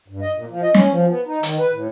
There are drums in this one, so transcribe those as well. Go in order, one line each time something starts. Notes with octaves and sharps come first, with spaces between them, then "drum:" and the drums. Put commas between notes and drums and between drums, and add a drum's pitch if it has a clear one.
G2
D#5
A#2
F3
D#5
C#4, drum: snare
F3
B3
D#4
D#3, drum: hi-hat
B4
A2